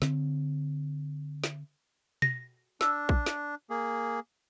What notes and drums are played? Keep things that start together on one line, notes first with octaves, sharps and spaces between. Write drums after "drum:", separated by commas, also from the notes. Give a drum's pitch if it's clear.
D3 C4, drum: snare
drum: snare
A#6, drum: tom B2
D4 E6, drum: snare
drum: kick
drum: snare
A#3 G#4